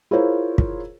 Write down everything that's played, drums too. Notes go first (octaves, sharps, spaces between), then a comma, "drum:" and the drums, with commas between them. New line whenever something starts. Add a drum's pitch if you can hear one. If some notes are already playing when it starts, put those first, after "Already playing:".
E4 F4 G#4 A#4 C5 C#5
drum: kick